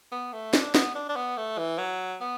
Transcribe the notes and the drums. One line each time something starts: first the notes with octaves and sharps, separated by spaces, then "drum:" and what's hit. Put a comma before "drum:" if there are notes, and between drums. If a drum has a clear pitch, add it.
B3
A3
D4, drum: snare
B3, drum: snare
D4
D4
B3
A3
E3
F#3
B3